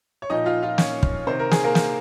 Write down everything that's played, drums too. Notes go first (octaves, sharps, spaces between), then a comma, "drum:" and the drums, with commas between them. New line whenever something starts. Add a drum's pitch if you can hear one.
C#5
A#2 F3 D#4 D#5
F4 F5
F4 F5
C#4 C#5, drum: snare
drum: kick
C3 D#3 C5
A#4
G#4, drum: snare
A#3 A#4
drum: snare